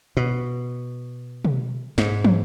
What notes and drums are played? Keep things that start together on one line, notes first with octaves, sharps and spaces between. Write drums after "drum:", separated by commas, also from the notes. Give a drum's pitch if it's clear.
B2
drum: tom
G#2, drum: snare
drum: tom